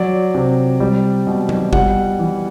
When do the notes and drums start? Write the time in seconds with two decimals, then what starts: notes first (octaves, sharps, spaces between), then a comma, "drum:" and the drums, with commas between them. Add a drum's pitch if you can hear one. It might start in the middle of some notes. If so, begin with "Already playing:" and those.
Already playing: F#3 D5
0.34 C3
0.80 G3
1.27 B2
1.49 drum: tom F#3
1.73 G3 F#5, drum: kick G#1
2.19 E3